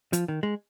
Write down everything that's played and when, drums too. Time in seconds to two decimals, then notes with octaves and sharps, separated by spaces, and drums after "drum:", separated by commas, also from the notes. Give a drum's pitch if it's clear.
0.13 F3, drum: hi-hat
0.28 D#3
0.43 G#3